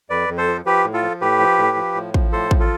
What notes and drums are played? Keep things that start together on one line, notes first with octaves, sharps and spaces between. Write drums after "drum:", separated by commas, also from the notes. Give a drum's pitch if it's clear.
F2 B4 D5
F2
A4 C5
F3
F3 G4 B4
A2
F4 A4
F3
A2 G4 B4
F3
A2
F3
A2
F3, drum: kick
A2 A4 C5
F3, drum: kick
F4 A4